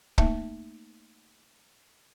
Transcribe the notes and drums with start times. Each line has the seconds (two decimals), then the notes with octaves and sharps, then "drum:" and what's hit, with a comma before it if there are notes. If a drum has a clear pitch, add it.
0.18 A3 A#3 D#4 E5 A5, drum: kick